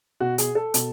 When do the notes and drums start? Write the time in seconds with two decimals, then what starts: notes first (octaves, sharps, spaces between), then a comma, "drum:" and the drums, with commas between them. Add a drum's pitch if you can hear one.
0.20 B2 F#4
0.38 G#4, drum: hi-hat
0.55 A4
0.74 B2, drum: hi-hat